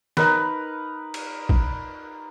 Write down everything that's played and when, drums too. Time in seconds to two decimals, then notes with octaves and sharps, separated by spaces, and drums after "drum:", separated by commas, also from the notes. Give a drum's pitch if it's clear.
0.17 D#4 A#4 B4, drum: snare
1.14 drum: cymbal
1.49 drum: kick